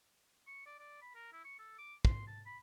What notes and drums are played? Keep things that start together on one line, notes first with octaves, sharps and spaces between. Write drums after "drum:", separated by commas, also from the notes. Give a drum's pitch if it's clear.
C#6
D5
D5
B5
A#4
E4
C#6
A4
D6
C6, drum: kick
A5
B5